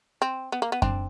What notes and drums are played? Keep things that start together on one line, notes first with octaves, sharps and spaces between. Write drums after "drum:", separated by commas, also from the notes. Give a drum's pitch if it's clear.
C4
B3
A#3
B3
C4 D4, drum: kick F#2